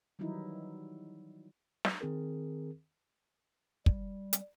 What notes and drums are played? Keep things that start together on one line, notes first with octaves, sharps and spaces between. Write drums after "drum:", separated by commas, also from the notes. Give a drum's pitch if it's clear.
D#3 E3 F#3 G3 D#4 E4
drum: snare
D#3 C4 G#4 A#4
G3, drum: kick
drum: hi-hat